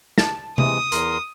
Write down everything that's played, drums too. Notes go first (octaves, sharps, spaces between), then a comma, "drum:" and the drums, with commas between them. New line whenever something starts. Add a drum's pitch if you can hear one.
A5, drum: snare
C3 E3 G#3 D#6, drum: tom C3
E2 A#4 C6, drum: hi-hat